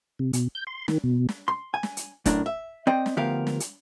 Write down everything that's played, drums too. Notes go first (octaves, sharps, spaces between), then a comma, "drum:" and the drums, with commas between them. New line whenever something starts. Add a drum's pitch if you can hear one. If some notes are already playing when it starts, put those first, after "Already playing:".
C3
B2, drum: hi-hat
G6
C6
D#3, drum: snare
B2
drum: snare
C6
G#5
drum: snare
drum: hi-hat
F#2 A2 D4 A#4, drum: kick E1, hi-hat
E5
C4 D5 D#5 G5
drum: snare
D2 F3 B3 G4 A#4 F5
drum: snare
drum: hi-hat